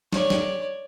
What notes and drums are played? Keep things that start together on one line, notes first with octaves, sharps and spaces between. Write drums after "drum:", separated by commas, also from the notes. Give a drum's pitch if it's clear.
C#5 D5, drum: snare
drum: snare